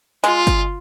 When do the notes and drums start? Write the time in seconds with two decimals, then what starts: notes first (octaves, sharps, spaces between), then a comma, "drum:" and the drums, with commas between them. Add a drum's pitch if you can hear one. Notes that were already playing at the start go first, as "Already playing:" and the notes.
0.24 G#3 F4, drum: hi-hat
0.47 drum: kick G1, hi-hat